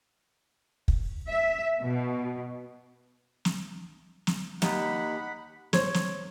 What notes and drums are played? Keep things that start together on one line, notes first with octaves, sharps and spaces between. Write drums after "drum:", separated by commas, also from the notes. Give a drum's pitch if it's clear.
drum: kick
E5
B2
drum: snare
drum: snare
D#2 D#4 F#5 B5, drum: snare
C5 C#5, drum: snare
drum: snare